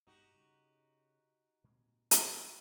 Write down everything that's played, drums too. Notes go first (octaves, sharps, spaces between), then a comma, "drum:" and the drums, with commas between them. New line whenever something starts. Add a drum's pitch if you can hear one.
G2 B2 G#3 D#4 F#4 G4
C#3
A#2 G#3 C4
drum: hi-hat